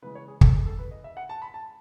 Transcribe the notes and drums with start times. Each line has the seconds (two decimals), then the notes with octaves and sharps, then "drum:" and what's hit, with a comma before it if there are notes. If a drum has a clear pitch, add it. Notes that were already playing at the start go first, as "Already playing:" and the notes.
0.02 C#3 E3 G#3 B4
0.15 C#5
0.28 G#4
0.41 A4, drum: kick
0.53 G#4
0.66 A4
0.79 B4
0.91 D#5
1.04 E5
1.17 F#5
1.29 A5
1.42 B5
1.54 A5